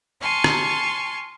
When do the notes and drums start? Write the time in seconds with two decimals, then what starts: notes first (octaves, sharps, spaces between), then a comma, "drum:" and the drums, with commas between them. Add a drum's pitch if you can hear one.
0.21 G#5 A5 C6 C#6 F6
0.44 drum: rim click